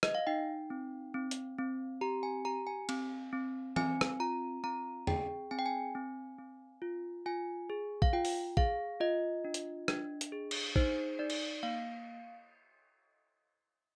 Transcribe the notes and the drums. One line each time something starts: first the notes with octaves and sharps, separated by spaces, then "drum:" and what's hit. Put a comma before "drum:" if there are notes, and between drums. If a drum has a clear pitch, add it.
D#5, drum: rim click
F5
D#4 G5
C4
C4
drum: hi-hat
C4
G4 A#5
G#5
G4 A#5
G#5
C4, drum: cymbal
C4
C4 G#5, drum: tom E3
drum: rim click
F4 A#5
C4 A#5
G#4 G5, drum: tom
C4 G#5
G5
G#5
C4
C4
F4
F4 G#5
G#4
F5, drum: kick
F4 G5
drum: open hi-hat
G#4 F5, drum: kick
F4 D#5
D4
drum: hi-hat
D4, drum: rim click
drum: hi-hat
G#4
drum: cymbal
D#4 C5, drum: kick
D#4 D5
drum: cymbal
A#3 F5